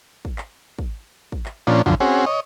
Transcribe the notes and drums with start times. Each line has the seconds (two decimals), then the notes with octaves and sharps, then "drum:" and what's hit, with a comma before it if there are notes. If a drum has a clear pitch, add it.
0.25 drum: kick
0.38 drum: clap
0.79 drum: kick
1.32 drum: kick
1.46 drum: clap
1.67 A#2 F3 C#4 D4
1.86 F#2 D3 F3, drum: kick
2.00 C4 C#4 F#4 G#4
2.26 C#5 D#5